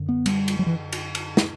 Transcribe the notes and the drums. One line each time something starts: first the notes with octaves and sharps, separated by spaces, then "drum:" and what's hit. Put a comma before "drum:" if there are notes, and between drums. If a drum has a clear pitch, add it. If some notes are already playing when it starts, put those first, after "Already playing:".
Already playing: F#2 D3
B3
G3, drum: cymbal
drum: cymbal
F#3
E3
drum: cymbal
drum: cymbal
drum: snare